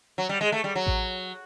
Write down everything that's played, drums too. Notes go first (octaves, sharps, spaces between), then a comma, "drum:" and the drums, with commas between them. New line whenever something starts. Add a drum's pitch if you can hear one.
F#3
G3
G#3
A3
G3
F#3
drum: kick A1